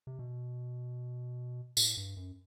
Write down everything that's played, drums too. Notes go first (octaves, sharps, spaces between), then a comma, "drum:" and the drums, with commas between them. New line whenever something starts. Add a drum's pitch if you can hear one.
C3
B2
A2, drum: tambourine
G2
F#2